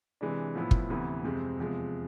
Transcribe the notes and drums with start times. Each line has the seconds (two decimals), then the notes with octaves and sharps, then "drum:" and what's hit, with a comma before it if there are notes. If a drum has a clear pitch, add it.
0.21 C3 E3 G#3 D4
0.55 A2 F3 B3 E4
0.71 drum: kick
0.90 D2 C3 E3 B3
1.24 F2 C3 G#3 C4
1.59 E2 C3 F3 G#3